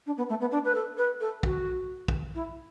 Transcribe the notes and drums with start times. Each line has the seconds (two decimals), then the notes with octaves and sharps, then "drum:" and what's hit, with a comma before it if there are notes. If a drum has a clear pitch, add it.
0.06 D4
0.17 B3
0.29 A3
0.40 B3
0.51 D4
0.64 B4
0.74 A4
0.97 B4
1.20 A4
1.43 F#4, drum: kick
2.08 drum: kick
2.35 E4